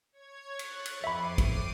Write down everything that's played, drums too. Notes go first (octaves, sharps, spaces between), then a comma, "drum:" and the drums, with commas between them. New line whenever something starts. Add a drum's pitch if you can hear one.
C#5 G#6
C#6 F#6 A6, drum: cymbal
drum: cymbal
F2 E5 B5 D6 C7 D#7
drum: kick, cymbal